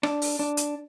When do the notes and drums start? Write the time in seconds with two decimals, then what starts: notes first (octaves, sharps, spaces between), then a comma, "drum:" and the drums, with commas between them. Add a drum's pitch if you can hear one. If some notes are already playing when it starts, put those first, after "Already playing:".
0.03 D4, drum: rim click
0.22 drum: open hi-hat
0.39 D4
0.57 drum: hi-hat